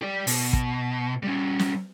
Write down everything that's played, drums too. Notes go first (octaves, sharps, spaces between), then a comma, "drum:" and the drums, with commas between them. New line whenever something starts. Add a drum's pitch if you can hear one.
G4 D5
B2, drum: open hi-hat
drum: kick
G3 C#4
drum: snare